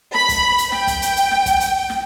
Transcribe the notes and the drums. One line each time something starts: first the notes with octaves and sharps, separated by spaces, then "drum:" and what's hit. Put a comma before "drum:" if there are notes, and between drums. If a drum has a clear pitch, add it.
B5, drum: snare
drum: kick, hi-hat
drum: hi-hat
G5, drum: snare
drum: kick, hi-hat
drum: hi-hat
drum: hi-hat
drum: snare
drum: kick, hi-hat
drum: hi-hat
drum: snare